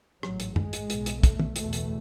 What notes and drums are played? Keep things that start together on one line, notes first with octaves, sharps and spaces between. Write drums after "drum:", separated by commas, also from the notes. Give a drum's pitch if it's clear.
A1 G#2 F#3, drum: rim click
drum: hi-hat
G#3, drum: tom F#2
drum: hi-hat
B1 B2, drum: hi-hat
drum: hi-hat
A3, drum: kick, hi-hat
drum: tom
F#1 E2 B2 A3, drum: hi-hat
drum: hi-hat